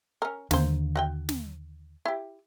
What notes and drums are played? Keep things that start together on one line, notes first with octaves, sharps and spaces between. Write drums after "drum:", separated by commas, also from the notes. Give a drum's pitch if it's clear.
C#4 A#4
D#2 D3 A#3 C5, drum: snare
F#4 F#5 G5
drum: snare
E4 G4